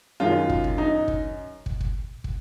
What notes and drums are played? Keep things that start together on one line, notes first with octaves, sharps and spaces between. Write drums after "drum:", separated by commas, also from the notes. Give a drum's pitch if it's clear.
F#2 D#3 G#3 F4
drum: kick
drum: kick
D#4
drum: kick
drum: kick
drum: kick
drum: kick